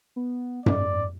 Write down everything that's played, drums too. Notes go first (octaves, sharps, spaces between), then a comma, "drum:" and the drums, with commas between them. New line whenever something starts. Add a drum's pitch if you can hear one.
B3
G#2 D5, drum: tom F#2